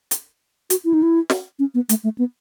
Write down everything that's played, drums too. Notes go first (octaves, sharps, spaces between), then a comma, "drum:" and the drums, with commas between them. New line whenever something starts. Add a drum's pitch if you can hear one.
drum: hi-hat
F#4, drum: hi-hat
E4
D#4
E4
drum: snare
C#4
B3
A3, drum: hi-hat
A3
B3